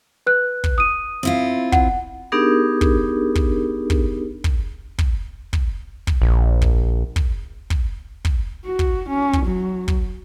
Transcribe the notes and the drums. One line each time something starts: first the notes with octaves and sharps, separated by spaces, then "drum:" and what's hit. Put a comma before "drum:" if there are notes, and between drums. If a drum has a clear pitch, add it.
B4 F#6
drum: kick
D#6 D#7
C4 E4 F4
F#5, drum: kick
B3 D4 D#4 G4 G#4 A#4
drum: kick
drum: kick
drum: kick
drum: kick
drum: kick
drum: kick
drum: kick
A#1
drum: kick
drum: kick
drum: kick
drum: kick
F#4
drum: kick
C#4
drum: kick
F#3
drum: kick